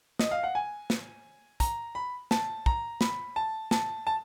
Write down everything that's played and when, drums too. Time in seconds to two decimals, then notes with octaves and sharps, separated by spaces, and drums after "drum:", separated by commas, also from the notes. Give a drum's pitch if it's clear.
0.19 D#5, drum: snare
0.31 F5
0.43 F#5
0.55 G#5
0.90 drum: snare
1.60 A#5, drum: kick, hi-hat
1.95 B5
2.31 A5, drum: snare
2.66 A#5, drum: kick
3.01 B5, drum: snare
3.36 A5
3.71 A5, drum: snare
4.07 A5